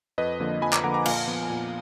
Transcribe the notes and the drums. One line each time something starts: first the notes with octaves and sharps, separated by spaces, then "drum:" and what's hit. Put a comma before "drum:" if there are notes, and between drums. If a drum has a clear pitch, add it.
F2 B4 D#5
D3 F3 A#3
F2 G#5 B5
A#5 D6, drum: clap
D3 F3 A#3 F#5 A#5
F#5 A#5
A#2 F5 G#5, drum: cymbal
F3 B3
A#2